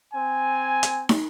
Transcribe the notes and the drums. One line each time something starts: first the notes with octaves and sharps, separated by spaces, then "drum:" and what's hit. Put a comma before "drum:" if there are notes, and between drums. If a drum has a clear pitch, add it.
C4 G#5
drum: hi-hat
drum: snare